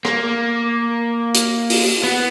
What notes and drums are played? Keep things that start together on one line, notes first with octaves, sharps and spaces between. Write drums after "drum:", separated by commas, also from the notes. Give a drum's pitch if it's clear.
A#3, drum: rim click
drum: hi-hat
drum: open hi-hat
B3